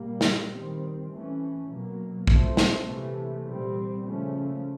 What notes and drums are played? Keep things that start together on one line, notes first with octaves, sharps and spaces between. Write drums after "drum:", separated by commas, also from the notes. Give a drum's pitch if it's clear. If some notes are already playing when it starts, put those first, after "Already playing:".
Already playing: A#2 G3 A#3
drum: snare
D#3 G3 C4
E3 A3 C#4
B2 F#3 A#3
A#2 F3 A3 C4, drum: kick A#1
drum: snare
C3 E3 A3
A#2 G3 C4
C#3 F3 A3 C#4